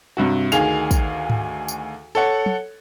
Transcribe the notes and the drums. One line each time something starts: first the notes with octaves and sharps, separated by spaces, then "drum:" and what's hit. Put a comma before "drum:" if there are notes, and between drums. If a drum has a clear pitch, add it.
G2 C3 F#4
D2 D#3 G#4 F5 F7, drum: tambourine
drum: kick, tambourine
drum: tom G#2
drum: tambourine
A4 C#5 F#5
drum: tom